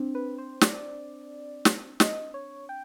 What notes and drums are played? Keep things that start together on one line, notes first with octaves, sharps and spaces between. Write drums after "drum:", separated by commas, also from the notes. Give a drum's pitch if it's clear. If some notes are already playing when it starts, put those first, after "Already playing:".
Already playing: C4 D4
B4
C5
D5, drum: snare
drum: snare
D#5, drum: snare
C#5
G5